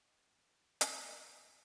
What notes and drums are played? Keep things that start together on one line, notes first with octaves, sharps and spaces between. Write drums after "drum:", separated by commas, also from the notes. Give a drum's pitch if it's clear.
D#4 G4
drum: hi-hat